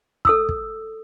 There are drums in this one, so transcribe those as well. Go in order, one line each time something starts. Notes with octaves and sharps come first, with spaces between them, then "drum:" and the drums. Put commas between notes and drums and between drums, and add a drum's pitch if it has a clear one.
A4 D#6 E6, drum: kick
drum: kick